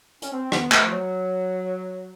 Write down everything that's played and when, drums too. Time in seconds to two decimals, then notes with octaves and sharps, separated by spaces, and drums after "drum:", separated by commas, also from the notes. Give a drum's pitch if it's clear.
0.22 C#4, drum: hi-hat
0.32 C4
0.52 B3, drum: rim click
0.72 A3, drum: clap
0.83 F3
0.91 F#3